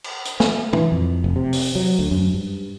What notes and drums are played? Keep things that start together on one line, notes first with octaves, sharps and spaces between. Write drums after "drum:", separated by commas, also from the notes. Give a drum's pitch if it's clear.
drum: cymbal
drum: hi-hat
A3, drum: snare
E3, drum: tom
F2
F1
C3
drum: open hi-hat
F#3
D2
F#2
G2